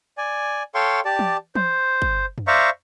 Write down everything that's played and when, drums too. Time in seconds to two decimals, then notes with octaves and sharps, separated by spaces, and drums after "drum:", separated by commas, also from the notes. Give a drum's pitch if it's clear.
0.18 D5 G#5
0.75 A4 C#5 F5 G5 C6 C#6
1.05 G4 D5 A5
1.19 drum: tom
1.55 C5, drum: tom
2.02 drum: kick G1
2.38 drum: tom
2.47 C5 D5 E5 F5 A#5 C#6